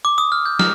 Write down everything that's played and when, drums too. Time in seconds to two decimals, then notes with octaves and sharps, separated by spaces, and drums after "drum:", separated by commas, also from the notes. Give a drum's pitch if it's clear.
0.05 D6
0.18 D#6
0.32 F6
0.46 G6
0.59 F6, drum: snare